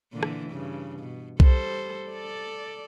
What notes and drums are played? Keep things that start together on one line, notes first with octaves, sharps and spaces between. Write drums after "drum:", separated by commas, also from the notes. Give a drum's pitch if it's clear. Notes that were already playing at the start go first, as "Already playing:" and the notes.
A#2 D3 E3
drum: rim click
G2 C#3
B2
G3 A4 C5, drum: kick B1
A4 D5